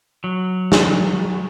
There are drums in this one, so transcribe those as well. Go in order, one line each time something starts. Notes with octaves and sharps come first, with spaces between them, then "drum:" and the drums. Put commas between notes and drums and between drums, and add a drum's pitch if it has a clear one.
F#3
drum: snare